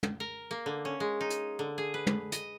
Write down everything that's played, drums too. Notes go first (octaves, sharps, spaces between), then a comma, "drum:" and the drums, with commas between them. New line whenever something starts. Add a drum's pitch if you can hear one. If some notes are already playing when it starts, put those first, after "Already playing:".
drum: tom
A#4
A#3
D3
C#4
G#3
D#4
drum: hi-hat
D3
G#4
B4
drum: tom
D#5, drum: hi-hat